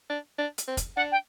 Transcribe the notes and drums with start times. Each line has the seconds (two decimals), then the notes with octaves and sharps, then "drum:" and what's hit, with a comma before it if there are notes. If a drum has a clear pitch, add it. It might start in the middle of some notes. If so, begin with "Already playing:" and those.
0.10 D4
0.38 D4
0.58 drum: hi-hat
0.67 C4
0.77 drum: kick, hi-hat
0.96 D4 F#5
1.11 G5